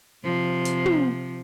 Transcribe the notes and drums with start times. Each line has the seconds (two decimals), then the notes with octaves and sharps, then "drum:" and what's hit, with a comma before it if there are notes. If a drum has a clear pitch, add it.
0.24 C3 F3
0.65 drum: hi-hat
0.86 drum: tom